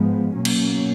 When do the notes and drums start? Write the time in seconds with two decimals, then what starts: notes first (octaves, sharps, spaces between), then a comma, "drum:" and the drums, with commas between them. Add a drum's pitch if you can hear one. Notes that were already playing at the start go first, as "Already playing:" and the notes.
Already playing: G#2 F3 G#3 B3
0.35 B2 F#3 A#3 C#4
0.45 drum: cymbal